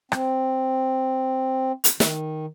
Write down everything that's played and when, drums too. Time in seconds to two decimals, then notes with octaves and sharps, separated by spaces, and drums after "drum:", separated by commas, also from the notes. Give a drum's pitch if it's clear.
0.12 C4, drum: rim click
1.84 drum: hi-hat
2.00 D#3, drum: snare